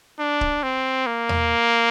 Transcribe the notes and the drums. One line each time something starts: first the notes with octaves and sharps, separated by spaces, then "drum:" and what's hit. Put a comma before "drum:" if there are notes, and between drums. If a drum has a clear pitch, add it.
D4
drum: kick C#1
C4
A#3
drum: tom E2